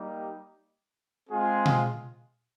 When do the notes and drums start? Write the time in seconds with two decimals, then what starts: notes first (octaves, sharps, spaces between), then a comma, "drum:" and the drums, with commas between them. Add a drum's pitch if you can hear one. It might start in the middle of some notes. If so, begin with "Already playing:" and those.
Already playing: G3 A#3 D#4 G4
1.30 G#3 C4 F4 G#4
1.66 drum: tom B2